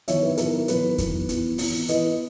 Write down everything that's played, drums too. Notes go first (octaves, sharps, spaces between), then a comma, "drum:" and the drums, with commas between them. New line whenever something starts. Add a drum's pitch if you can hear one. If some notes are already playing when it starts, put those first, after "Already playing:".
D#3 F#3 B3 E4 C#5 E5, drum: hi-hat
B4
D#3 F#3 B3 E4 A#4, drum: hi-hat
D#3 F#3 B3 E4 B4, drum: hi-hat
D#3 F#3 B3 E4, drum: kick F2, hi-hat
E3 B3 E4, drum: hi-hat
E3 B3 E4, drum: open hi-hat
E3 B3 E4 B4 D#5, drum: hi-hat